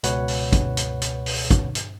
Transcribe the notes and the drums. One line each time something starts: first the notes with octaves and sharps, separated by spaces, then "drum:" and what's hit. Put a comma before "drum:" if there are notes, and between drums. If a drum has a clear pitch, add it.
C#2 B2 B4 C#5 F#5, drum: hi-hat
drum: open hi-hat
drum: kick, hi-hat
drum: hi-hat
drum: hi-hat
drum: open hi-hat
drum: kick, hi-hat
drum: hi-hat